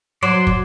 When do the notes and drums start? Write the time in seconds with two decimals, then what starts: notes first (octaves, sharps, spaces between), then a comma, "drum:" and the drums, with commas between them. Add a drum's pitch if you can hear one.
0.23 F#3 C5 D5
0.47 drum: kick